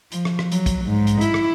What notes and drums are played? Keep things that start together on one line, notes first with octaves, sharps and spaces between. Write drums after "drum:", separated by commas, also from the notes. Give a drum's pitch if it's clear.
F3, drum: hi-hat
drum: rim click
drum: rim click
F#3, drum: hi-hat
drum: kick, hi-hat
G#2
drum: hi-hat
E4, drum: hi-hat
drum: rim click